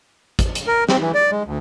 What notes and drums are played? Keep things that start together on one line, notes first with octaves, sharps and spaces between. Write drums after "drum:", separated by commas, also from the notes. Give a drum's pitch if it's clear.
drum: kick, hi-hat
drum: hi-hat
A#4
C4, drum: snare
E3
D5
G#3
D2